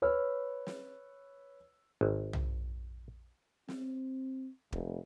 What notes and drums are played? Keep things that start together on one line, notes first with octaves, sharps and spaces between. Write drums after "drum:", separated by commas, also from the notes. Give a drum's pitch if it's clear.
B4 C#5 E6 F6
drum: snare
G#1
drum: tom
C4, drum: snare
F1, drum: kick